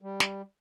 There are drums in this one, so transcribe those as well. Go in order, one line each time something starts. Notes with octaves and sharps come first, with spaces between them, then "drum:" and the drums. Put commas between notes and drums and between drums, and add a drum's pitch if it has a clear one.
G3
drum: snare